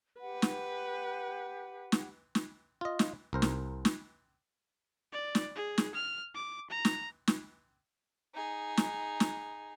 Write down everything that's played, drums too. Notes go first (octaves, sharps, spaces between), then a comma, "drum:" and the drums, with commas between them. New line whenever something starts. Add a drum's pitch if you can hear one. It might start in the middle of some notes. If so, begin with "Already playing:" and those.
G4 B4 F#5
drum: snare
drum: snare
drum: snare
F4 D#5
drum: snare
C2 A#4 C5
drum: snare
drum: snare
D5
drum: snare
G#4
drum: snare
F6
D6
A#5
drum: snare
drum: snare
D#4 G#4
drum: snare
drum: snare